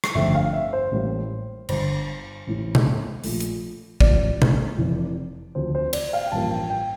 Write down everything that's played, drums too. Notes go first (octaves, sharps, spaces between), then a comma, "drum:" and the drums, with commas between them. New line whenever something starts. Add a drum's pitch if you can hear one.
drum: rim click
G1 F2 D3 A3 C4 E5
F5
E5
C5
A1 A2 G3 A#3
G1 G2 D3 C5, drum: cymbal
A1 A2 E3
drum: tom B2
A#1 A#2 A3, drum: open hi-hat
drum: hi-hat
A1 A2 F3 D5, drum: kick
drum: tom B2
F1 F2 C3 E3
D2 C3 F3 C5
C5
D5, drum: cymbal
F5
G5
A1 G2 F3 A#3 A5
G5
G5